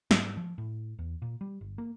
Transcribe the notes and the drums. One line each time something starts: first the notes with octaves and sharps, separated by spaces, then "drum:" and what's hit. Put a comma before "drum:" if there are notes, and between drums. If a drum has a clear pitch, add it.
G#2, drum: snare
F3
A2
E2
A#2
G3
G1
A#3